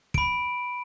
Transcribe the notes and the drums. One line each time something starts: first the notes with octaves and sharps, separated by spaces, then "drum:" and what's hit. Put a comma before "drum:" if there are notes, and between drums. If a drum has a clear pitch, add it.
B5 D7, drum: kick